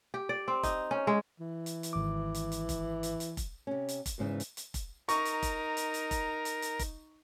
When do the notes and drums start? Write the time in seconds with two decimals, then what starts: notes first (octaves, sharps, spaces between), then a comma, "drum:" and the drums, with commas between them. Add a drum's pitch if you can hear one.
0.14 G4
0.29 D5
0.48 C4
0.63 D#4, drum: kick F1, hi-hat
0.91 C#4
1.07 G#3
1.40 E3
1.66 drum: hi-hat
1.83 drum: hi-hat
1.93 G#1 D6
2.34 drum: hi-hat
2.52 drum: hi-hat
2.69 drum: kick F1, hi-hat
3.03 drum: hi-hat
3.20 drum: hi-hat
3.37 drum: kick F1, hi-hat
3.67 C3 C#4
3.88 drum: hi-hat
4.06 drum: kick F1, hi-hat
4.18 E2 G#2 C#3 E3
4.40 drum: hi-hat
4.57 drum: hi-hat
4.74 drum: kick F1, hi-hat
5.09 D#4 A#4 C#6, drum: hi-hat
5.25 drum: hi-hat
5.42 drum: kick F1, hi-hat
5.77 drum: hi-hat
5.94 drum: hi-hat
6.11 drum: kick F1, hi-hat
6.45 drum: hi-hat
6.62 drum: hi-hat
6.79 drum: kick F1, hi-hat